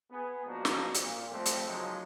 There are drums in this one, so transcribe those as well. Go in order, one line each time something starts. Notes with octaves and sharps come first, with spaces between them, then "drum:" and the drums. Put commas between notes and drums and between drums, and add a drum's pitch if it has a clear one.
B3 G#4
G#2 F3 A#3 D4 D#4 F#4
drum: snare
A#2, drum: hi-hat
F2 G3 A3 C4
drum: hi-hat
C#3 F3 F#3 G#3 A#3 D#4